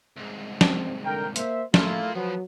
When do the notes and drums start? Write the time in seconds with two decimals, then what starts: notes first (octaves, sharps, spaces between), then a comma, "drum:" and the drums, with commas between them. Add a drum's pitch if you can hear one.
0.16 C2 G#2
0.61 C4, drum: snare
1.05 D3 A#4 G5
1.36 A#3 C5 E5, drum: hi-hat
1.74 A3 A#3 E4 F4 A#4 C6, drum: snare
2.15 F3 F#3 B3